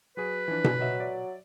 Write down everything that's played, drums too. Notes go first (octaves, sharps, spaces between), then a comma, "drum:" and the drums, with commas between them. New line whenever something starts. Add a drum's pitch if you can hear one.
F#3 F#4 G#4 B4
E3 F3 D4
drum: tom B2
F#3 D#5 E5
D5 E5